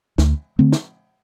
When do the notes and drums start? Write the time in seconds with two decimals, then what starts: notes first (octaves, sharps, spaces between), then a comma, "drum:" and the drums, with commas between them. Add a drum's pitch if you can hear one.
0.18 D2, drum: snare
0.59 D3 A3 C4
0.73 drum: snare